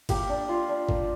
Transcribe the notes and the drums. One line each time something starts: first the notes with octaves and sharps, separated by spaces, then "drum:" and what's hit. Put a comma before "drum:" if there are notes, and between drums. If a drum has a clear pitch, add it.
A#3 G4, drum: kick, cymbal
D4
F4
D4
A#3, drum: kick